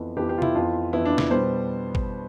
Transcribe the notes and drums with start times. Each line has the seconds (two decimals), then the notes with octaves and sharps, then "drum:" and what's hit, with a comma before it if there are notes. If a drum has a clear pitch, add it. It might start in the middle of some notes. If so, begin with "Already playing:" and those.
Already playing: F2 E3 B3
0.17 F2 E3 B3 G4
0.29 G4
0.38 F4
0.42 E4, drum: tom
0.55 F2 E3 B3 F4
0.93 F2 E3 B3 E4
1.05 D4
1.18 E4, drum: snare
1.30 B2 G3 B3 C5
1.95 drum: kick